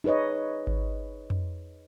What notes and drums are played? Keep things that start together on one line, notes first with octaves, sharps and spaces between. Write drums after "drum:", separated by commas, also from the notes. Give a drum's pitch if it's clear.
D#4 G#4 B4 C#5 D#5
drum: kick G#1
drum: tom F2